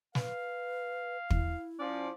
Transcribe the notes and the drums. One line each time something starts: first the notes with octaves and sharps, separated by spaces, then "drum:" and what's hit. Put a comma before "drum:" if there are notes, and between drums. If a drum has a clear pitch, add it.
B4 F5, drum: snare
E4, drum: kick
F3 C#4 D5